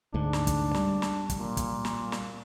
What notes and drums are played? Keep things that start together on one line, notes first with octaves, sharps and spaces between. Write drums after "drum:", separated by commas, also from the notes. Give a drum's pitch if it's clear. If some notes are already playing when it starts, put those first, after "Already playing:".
D2 G#2 D4
drum: snare
drum: kick, hi-hat
G3, drum: snare
drum: snare
drum: kick, hi-hat
A#2
drum: kick, hi-hat
drum: snare
drum: snare